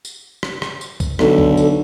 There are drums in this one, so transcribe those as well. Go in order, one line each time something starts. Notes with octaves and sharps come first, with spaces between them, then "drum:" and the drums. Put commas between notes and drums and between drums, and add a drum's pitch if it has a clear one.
drum: tambourine
drum: rim click
drum: rim click
drum: tambourine
drum: kick, tambourine
B1 D3 A4, drum: rim click
drum: kick
drum: tambourine